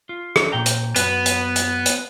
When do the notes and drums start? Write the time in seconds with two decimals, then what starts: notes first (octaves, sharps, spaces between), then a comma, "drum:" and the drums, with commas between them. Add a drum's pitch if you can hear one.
0.09 F4
0.36 drum: rim click
0.52 A#2 G5 A#5
0.66 drum: hi-hat
0.96 F#2 B3 F#4 B4, drum: hi-hat
1.26 drum: hi-hat
1.56 drum: hi-hat
1.86 drum: hi-hat